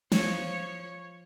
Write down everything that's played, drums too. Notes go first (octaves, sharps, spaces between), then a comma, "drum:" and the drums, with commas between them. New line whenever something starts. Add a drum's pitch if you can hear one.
F3 C#5, drum: snare